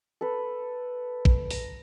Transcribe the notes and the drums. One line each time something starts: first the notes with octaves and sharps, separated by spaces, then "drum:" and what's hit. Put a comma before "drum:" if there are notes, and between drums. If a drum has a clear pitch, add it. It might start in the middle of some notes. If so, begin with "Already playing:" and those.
A4 B4
drum: kick A1
A#5, drum: open hi-hat